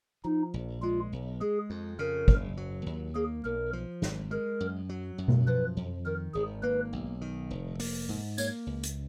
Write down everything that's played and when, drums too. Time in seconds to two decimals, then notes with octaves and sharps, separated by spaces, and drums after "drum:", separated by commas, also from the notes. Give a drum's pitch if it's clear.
0.25 F3 D#4
0.54 A#1
0.83 G#3 F4
1.12 B1
1.41 G#3 G#4
1.70 F2
1.99 C#3 A#4
2.28 F#1, drum: kick
2.57 F#3
2.86 D#2
3.15 A#3 G#4
3.44 B1 A#4
3.73 F3
4.02 G#1, drum: snare
4.31 G#3 A#4
4.61 F#2
4.89 F#3
5.18 F#2
5.28 drum: tom B2
5.47 F3 B4
5.77 F2
6.06 D#3 A#4
6.34 G#1 G#4
6.63 A#3 B4
6.93 B1
7.21 D#3
7.50 F1
7.80 A#3, drum: open hi-hat
8.09 G#2
8.38 A#3 C#5, drum: tambourine
8.67 C#2
8.83 drum: hi-hat